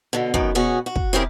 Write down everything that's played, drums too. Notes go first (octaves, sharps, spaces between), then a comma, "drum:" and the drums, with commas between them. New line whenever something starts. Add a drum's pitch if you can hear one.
B2 D3
F#2 D#3 B3, drum: kick
B2 C#4 F#4 G#4
F#4
drum: kick
C#3 C4 E4 G4 G#4 A#4